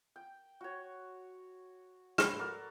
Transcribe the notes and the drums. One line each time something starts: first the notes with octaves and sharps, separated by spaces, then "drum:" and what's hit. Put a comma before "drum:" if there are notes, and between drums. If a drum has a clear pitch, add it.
G5
F#4 C#5
B4 C6, drum: rim click
F#4 A4 A#4 D5